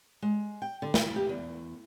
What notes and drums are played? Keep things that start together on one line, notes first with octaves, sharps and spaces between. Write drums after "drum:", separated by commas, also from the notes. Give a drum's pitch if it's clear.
G#3
G5
D3
E4, drum: snare
G4
E2